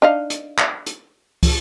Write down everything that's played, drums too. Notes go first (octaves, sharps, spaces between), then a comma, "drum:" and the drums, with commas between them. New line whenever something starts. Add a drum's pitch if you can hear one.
D4 D#4 F5
drum: hi-hat
drum: clap
drum: hi-hat
drum: kick, open hi-hat